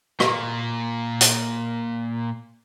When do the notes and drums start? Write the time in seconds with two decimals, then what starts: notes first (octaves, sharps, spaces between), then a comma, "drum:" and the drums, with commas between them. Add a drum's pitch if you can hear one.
0.20 A#2 A#3, drum: rim click
1.21 drum: hi-hat